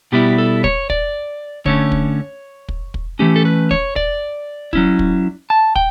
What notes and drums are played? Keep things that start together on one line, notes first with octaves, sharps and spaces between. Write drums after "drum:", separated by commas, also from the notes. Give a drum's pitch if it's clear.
B2 G3 B3 E4 G4
A4
C#5, drum: kick
D5, drum: kick
D3 A3 C#4 C#5, drum: kick
drum: kick
drum: kick
drum: kick
E3 A3 C#4 G4
A4
B4
C#5, drum: kick
D5, drum: kick
F#3 C#4 E4, drum: kick
drum: kick
A5
G5, drum: kick